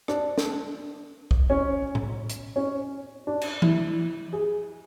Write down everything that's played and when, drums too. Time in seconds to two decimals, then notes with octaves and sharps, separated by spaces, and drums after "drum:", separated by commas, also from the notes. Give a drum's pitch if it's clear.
0.08 D4, drum: rim click
0.38 drum: snare
1.31 drum: kick
1.50 C#4
1.95 drum: tom A2
2.30 drum: hi-hat
2.56 C#4
3.27 D4
3.41 drum: cymbal
3.62 E4, drum: tom E3
4.33 G#4